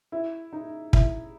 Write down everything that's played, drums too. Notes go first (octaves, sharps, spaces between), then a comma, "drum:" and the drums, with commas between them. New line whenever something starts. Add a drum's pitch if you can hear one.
E4
D#4
E4, drum: kick